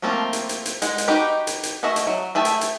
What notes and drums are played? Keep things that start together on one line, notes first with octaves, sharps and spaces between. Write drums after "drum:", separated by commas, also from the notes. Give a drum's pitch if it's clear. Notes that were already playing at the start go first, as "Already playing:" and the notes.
F3 A3 A#3 C4 F4
drum: hi-hat
drum: hi-hat
drum: hi-hat
G#3 F#5, drum: hi-hat
drum: hi-hat
D#4 F#4 G4 B4
drum: hi-hat
drum: hi-hat
A3 F#4 G#4 D#5 E5
drum: hi-hat
F#3
A3 G#4 E5 G5 A5
drum: hi-hat
drum: hi-hat